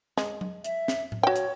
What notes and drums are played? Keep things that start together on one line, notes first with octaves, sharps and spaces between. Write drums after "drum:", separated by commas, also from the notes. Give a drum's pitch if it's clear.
G#3, drum: snare
drum: tom F#3
E5, drum: hi-hat
drum: snare
drum: tom A2
F#4 C#5 G5
drum: hi-hat